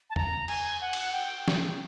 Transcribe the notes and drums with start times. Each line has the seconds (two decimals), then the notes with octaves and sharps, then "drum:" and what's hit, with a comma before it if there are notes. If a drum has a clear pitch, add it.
0.10 A5
0.16 A#5, drum: tom E2
0.48 G#5, drum: cymbal
0.81 F#5
0.93 drum: cymbal
1.13 G5
1.48 drum: snare